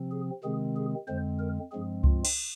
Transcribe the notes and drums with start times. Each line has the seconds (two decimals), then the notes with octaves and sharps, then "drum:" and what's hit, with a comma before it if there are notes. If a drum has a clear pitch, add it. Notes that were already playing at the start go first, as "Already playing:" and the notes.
Already playing: C3 F3 C4
0.11 G#4
0.43 C3 D#3 G#3 C4 G#4
0.76 G#4
1.08 F2 D3 G#3 C4 C5
1.39 A#4
1.71 G2 F3 G#3 C4 G#4
2.04 F4, drum: kick C#2
2.25 drum: cymbal